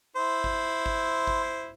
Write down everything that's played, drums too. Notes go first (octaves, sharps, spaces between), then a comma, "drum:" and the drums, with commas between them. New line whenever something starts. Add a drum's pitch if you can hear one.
E4 C5
drum: kick G#1
drum: kick G#1
drum: kick G#1